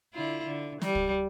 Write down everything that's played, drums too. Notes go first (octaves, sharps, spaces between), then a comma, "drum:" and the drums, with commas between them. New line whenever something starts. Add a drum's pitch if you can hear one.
D3 E4 F4
D3
G3, drum: snare
drum: kick